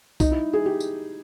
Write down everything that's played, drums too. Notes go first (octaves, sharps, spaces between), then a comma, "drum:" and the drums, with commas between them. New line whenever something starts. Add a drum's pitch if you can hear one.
D#4, drum: kick C2, tambourine
E4
G#4
G4
drum: tambourine